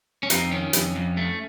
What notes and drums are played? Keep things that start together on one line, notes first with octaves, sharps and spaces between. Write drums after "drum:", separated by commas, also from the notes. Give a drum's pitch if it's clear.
C#4
F2 C4 D#4, drum: hi-hat
D#3 C#4
F2, drum: hi-hat
F2
A3